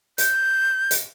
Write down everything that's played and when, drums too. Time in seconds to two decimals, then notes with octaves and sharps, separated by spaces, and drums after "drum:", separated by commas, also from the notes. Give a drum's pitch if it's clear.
0.18 G6, drum: hi-hat
0.91 drum: hi-hat